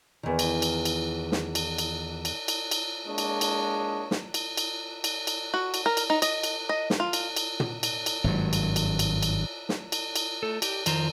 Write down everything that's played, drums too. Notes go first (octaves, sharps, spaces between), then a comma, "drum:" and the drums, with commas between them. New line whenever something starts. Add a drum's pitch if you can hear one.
E2 D#3
drum: cymbal
drum: cymbal
drum: cymbal
drum: snare
drum: cymbal
drum: cymbal
drum: cymbal
drum: cymbal
drum: cymbal
G#3 A#3 D4 C#5 D#5
drum: cymbal
drum: cymbal
drum: snare
drum: cymbal
drum: cymbal
drum: cymbal
drum: cymbal
F#4
drum: cymbal
A#4
drum: cymbal
D#4
D#5, drum: cymbal
drum: cymbal
D#5
drum: snare
F4
drum: cymbal
drum: cymbal
drum: tom
drum: cymbal
drum: cymbal
G#1 G2 F#3
drum: cymbal
drum: cymbal
drum: cymbal
drum: cymbal
drum: snare
drum: cymbal
drum: cymbal
A3 A4
G4, drum: cymbal
F2 D#3 F4 C5 A#5, drum: cymbal